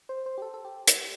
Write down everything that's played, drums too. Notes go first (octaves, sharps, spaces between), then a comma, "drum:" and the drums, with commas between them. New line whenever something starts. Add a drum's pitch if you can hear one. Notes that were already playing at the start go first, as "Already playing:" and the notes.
C5
C5
G4
A4
A4
G4
drum: hi-hat